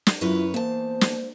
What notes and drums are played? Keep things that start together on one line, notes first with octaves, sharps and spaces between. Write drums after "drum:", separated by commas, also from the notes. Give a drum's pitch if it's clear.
drum: snare
F#2 E4 F4 B4 C#5
E2 A#3 C5 A5
drum: snare